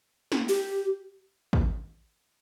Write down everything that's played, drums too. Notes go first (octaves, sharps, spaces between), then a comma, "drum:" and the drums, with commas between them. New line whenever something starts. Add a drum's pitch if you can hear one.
drum: snare
G4
drum: kick